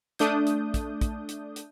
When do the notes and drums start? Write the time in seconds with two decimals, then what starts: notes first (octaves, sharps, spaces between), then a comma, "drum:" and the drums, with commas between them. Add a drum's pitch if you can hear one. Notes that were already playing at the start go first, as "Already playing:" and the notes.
0.19 A3 D4 D#6 G6, drum: hi-hat
0.47 drum: hi-hat
0.74 drum: kick, hi-hat
1.01 drum: kick, hi-hat
1.29 drum: hi-hat
1.56 drum: hi-hat